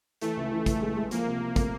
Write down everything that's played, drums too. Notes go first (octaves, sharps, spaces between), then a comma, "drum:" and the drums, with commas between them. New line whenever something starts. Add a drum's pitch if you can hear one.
E3 A3, drum: hi-hat
C#2
E3
E3, drum: kick, hi-hat
G#3
G#3
F3 A#3, drum: hi-hat
C3
C3
A3, drum: kick, hi-hat